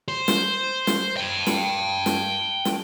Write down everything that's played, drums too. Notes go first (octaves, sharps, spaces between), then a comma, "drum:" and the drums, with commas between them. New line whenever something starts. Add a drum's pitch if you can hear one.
C5
drum: snare
drum: snare
G5 A5
drum: snare
drum: snare
drum: snare